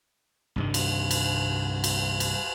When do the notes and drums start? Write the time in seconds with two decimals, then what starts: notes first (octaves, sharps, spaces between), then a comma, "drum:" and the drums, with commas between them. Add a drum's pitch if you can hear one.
0.56 C2 G2 D#3
0.74 drum: cymbal
1.11 drum: cymbal
1.84 drum: cymbal
2.20 drum: cymbal